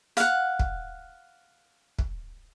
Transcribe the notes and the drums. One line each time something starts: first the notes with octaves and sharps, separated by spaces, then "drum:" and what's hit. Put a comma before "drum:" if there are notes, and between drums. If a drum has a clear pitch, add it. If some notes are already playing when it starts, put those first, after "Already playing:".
F5 F#5, drum: hi-hat
drum: kick
drum: kick